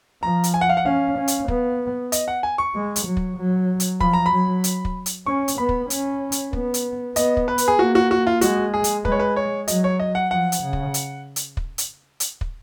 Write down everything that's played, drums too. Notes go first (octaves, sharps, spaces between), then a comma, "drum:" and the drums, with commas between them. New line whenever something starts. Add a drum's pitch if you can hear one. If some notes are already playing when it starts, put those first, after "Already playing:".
F3 A#5
drum: hi-hat
G#5
F#5
F5
F#5
C#4 F5
C#4
drum: hi-hat
B3, drum: kick
D#5, drum: hi-hat
F#5
G#5
C#6
G#3
drum: hi-hat
F#3
drum: kick
F#3
drum: hi-hat
F3 B5, drum: kick
A#5
B5
F#3
drum: hi-hat
drum: kick
drum: hi-hat
C#4 C#6
drum: hi-hat
B3 B5
drum: kick
C#4, drum: hi-hat
drum: hi-hat
B3, drum: kick
drum: hi-hat
B3 D#5, drum: hi-hat
drum: kick
B4
drum: hi-hat
G#4
A#3 F#4
F#4
F#4
F4
G#3 F#4, drum: hi-hat
G#4
drum: hi-hat
G#3 B4, drum: kick
C#5
B4
C#5
F#3 D#5, drum: hi-hat
C#5
D#5
F#5
F3 F#5
drum: hi-hat
C#3
drum: kick
drum: hi-hat
drum: hi-hat
drum: kick
drum: hi-hat
drum: hi-hat
drum: kick